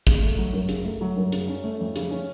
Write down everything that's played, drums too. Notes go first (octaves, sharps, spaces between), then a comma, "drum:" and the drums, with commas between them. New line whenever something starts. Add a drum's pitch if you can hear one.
C#3, drum: kick, hi-hat
A3
F#3
F#2
C#3, drum: hi-hat
A3
F#3
F#2
C#3, drum: hi-hat
C#4
A3
F2
C#3, drum: hi-hat
C#4